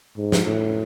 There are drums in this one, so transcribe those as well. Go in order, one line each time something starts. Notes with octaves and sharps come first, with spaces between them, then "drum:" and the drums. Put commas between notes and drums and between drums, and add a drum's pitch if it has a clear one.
G#2
drum: snare
A2